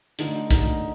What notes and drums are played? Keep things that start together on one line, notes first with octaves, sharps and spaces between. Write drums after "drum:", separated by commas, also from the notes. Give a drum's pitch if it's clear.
D3 A3 D#4, drum: hi-hat
D3 A3 D#4, drum: kick, hi-hat